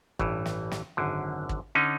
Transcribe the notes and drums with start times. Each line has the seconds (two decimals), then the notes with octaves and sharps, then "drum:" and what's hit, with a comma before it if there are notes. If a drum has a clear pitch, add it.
0.19 A1 G2 E3, drum: kick
0.46 drum: snare
0.71 drum: snare
0.97 G#1 F#2 D3
1.49 drum: kick
1.75 D3 C#4 D#4